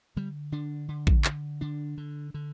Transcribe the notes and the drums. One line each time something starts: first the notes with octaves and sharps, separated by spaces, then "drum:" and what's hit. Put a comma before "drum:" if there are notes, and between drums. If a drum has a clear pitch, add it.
D3 G3
D3 D4
D3
drum: kick A1
D3, drum: clap
D3 D4
D3
D3